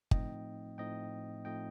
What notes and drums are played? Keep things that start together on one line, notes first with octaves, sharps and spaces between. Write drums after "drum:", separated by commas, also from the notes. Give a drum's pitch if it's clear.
A2 F3 A3 C4 D#4 D#5 G5, drum: kick G1
A2 F3 A3 C4 D#4 D#5 G5
A2 F3 A3 C4 D#4 D#5 G5